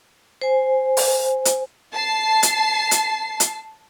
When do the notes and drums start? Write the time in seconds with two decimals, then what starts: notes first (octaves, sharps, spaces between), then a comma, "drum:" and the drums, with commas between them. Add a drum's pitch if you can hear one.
0.42 C5 G#5
0.97 drum: open hi-hat
1.45 drum: hi-hat
1.94 A5 C7
2.43 drum: hi-hat
2.91 drum: hi-hat
3.40 drum: hi-hat